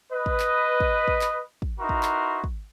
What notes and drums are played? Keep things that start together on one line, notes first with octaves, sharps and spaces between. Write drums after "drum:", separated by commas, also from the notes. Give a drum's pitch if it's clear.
B4 D#5
drum: kick
drum: clap
drum: kick
drum: kick
drum: clap
drum: kick
D#4 E4 F#4 A#4 B4 C6
drum: kick
drum: clap
drum: kick